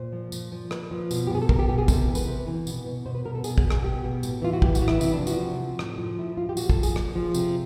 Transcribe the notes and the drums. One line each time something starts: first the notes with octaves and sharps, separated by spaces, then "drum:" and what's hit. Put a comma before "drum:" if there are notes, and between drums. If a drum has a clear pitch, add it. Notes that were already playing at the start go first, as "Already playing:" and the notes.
Already playing: A#2 C5
F3
A#2, drum: tambourine
F3
A#2 B4, drum: rim click
F3
B2, drum: tambourine
G4
B2 G#4
A4
B2 A#4, drum: kick
G4
B2 G4
G#4
C3 A4, drum: kick, tambourine
A#4
E3
B4, drum: tambourine
C3
E3
B2, drum: tambourine
B2
B2 C5
B4
B2 A#4
A4
B2 G#4, drum: tambourine
G#4, drum: kick
B2
G#4, drum: rim click
B2 G4
B2
A2, drum: tambourine
E3 F4
F#4
A2 G4, drum: kick
F#4, drum: tambourine
E3
E4, drum: rim click
C3 E4, drum: tambourine
D4
F3
F#4, drum: tambourine
C3
F3
A2, drum: rim click
F3
A2 E4
F3 F4
G4
A#2 F#4, drum: tambourine
A4, drum: kick
F3
G#4, drum: tambourine
A#2, drum: rim click
F3
C3, drum: tambourine